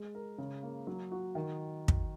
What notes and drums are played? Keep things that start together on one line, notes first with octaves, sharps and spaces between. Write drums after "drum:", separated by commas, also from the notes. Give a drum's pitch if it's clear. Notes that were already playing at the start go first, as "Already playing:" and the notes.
Already playing: G#3
A#4
C#3
A#3
F#3
F#4
D#3
drum: kick